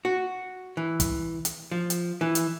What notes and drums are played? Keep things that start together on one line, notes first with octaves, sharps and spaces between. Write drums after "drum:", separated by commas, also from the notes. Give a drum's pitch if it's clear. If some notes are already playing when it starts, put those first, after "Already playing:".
F#4
E3
drum: kick, hi-hat
drum: hi-hat
F3
drum: hi-hat
E3
drum: hi-hat